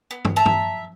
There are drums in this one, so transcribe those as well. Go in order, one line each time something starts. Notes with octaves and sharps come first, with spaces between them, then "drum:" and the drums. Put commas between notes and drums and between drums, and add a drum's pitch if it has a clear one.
B3
drum: tom
E5 A5 A#5
drum: tom